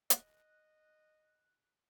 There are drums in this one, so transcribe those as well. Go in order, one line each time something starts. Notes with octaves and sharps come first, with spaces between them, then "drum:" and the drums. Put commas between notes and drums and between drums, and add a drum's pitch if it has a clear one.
D#5 F#6, drum: hi-hat